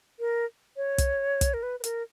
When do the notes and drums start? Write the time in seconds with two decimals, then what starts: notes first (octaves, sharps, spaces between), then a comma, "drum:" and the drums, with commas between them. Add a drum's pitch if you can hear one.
0.20 A#4
0.77 C#5
0.98 drum: kick, hi-hat
1.41 drum: kick, hi-hat
1.54 A#4
1.63 B4
1.80 B4
1.84 A#4, drum: hi-hat